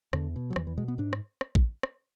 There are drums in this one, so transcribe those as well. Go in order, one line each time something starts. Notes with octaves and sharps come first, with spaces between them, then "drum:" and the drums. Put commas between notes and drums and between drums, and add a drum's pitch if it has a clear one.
E2 D3, drum: rim click
B2
F#3
E2 E3, drum: rim click
E3
B2 G#3
B3
G#2 D4
drum: rim click
drum: rim click
drum: kick
drum: rim click